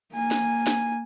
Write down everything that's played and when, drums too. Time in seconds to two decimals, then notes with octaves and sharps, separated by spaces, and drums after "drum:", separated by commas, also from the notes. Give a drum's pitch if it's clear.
0.13 A#3 G#5
0.31 drum: snare
0.67 drum: snare